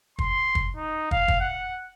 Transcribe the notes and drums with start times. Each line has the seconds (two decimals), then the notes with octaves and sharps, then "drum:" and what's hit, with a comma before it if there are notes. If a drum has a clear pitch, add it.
0.19 C6, drum: kick
0.55 drum: kick
0.76 D#4
1.11 F5, drum: kick
1.28 drum: kick
1.40 F#5